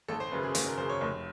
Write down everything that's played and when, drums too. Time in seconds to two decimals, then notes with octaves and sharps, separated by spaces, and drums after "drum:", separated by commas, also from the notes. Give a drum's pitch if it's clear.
0.08 G#1 A4
0.20 C5
0.31 F#2 C#3 B4
0.43 G#4
0.55 G#1, drum: hi-hat
0.66 A#4
0.78 F#2 C#3 C5
0.89 C#5
1.01 F1